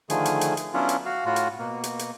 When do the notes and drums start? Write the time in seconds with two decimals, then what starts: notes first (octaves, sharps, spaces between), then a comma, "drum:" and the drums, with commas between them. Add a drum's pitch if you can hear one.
0.10 D3 D#3 F3 A3 G#4, drum: hi-hat
0.25 drum: hi-hat
0.41 drum: hi-hat
0.57 drum: hi-hat
0.74 F#3 B3 C#4 D4 E4 F4
0.89 drum: hi-hat
1.06 F#4 F5
1.26 A2 F4 F#4
1.36 drum: hi-hat
1.59 B2 A#3
1.84 drum: hi-hat
1.99 drum: hi-hat